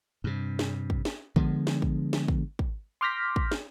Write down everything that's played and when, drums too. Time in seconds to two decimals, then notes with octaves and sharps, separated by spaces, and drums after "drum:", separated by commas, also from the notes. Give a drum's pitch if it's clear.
0.24 G2 C3
0.59 drum: snare
0.90 drum: kick
1.05 drum: snare
1.36 D3 F3 G#3 B3, drum: kick
1.67 drum: snare
1.82 drum: kick
2.13 drum: snare
2.28 drum: kick
2.59 drum: kick
3.01 C6 D6 F6 G6 A#6 B6
3.36 drum: kick
3.51 drum: snare